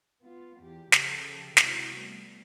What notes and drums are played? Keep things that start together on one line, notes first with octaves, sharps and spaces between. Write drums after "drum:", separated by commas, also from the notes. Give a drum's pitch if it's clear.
B3 F4
E2 G4
C#3 F3 G4 A4, drum: snare
C3 D#3 G#3 E4 F#4, drum: snare
G3 A3 B3